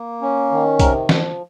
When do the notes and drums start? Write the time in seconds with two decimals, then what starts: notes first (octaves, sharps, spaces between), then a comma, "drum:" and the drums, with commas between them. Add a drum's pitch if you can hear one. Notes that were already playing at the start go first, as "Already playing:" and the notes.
Already playing: A#3
0.22 C#4
0.51 D#3
0.79 C3 A#4, drum: kick B1, hi-hat
1.09 F3, drum: snare